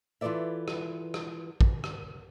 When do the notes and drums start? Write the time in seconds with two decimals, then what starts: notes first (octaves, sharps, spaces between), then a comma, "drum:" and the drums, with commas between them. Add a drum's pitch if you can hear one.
0.21 E3 F4 A4 B4 D5 E5
0.68 drum: rim click
1.14 drum: rim click
1.61 drum: kick
1.84 drum: rim click